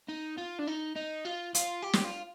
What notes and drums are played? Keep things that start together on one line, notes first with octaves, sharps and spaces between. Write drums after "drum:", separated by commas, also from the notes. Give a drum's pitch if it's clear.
D#4
F4
D4
D#4
D#4
F4
F4, drum: hi-hat
G4
drum: snare
F4